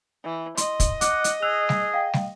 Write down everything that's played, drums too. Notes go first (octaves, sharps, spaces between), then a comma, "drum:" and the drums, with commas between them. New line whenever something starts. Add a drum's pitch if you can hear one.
E3
D#5 C6, drum: hi-hat
drum: kick, hi-hat
F#5 D6 F#6, drum: hi-hat
drum: hi-hat
G#4 E6 F#6 F7
drum: snare
F5 G5
drum: snare